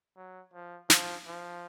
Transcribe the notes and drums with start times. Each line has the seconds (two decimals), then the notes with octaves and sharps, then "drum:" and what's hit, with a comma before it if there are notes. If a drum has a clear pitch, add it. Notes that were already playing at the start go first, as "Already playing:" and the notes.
0.16 F#3
0.54 F3
0.90 F3, drum: snare
1.27 F3